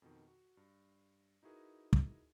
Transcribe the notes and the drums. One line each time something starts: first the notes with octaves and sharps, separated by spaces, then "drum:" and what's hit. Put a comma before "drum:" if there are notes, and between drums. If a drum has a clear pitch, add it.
F2 B2 D#3
F#4
G2
D#4 E4 F#4 G#4 A#4 B4
drum: kick